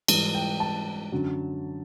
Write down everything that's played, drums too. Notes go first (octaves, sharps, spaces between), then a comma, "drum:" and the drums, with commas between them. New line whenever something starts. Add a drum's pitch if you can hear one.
G#2 E3 G3, drum: cymbal
G5
A5
F#2 D3 F#3